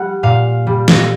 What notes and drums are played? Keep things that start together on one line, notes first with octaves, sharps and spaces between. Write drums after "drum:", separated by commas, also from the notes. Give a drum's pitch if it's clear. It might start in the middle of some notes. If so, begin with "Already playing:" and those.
Already playing: G3 F#5
A#2 F5
G3
drum: snare